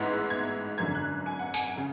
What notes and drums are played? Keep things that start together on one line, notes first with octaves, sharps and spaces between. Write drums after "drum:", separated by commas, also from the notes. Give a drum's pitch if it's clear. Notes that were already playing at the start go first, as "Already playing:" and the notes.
Already playing: A1 G#2 G#3 B3 E4
G#6
G#1 F#2 D3 G#6
F#6
G#5
F#5
G#5, drum: tambourine
C#3